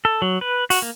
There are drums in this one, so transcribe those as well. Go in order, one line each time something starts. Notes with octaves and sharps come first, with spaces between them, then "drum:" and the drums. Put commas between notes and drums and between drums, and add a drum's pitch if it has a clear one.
A4
F#3
B4
F#4, drum: open hi-hat
A#3